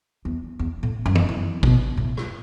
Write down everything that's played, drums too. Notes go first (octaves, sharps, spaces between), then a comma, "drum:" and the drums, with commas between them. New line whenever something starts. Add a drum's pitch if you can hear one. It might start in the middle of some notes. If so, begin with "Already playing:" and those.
E2
E2
A2
F#2
drum: tom
E3
B2, drum: kick
A2
drum: rim click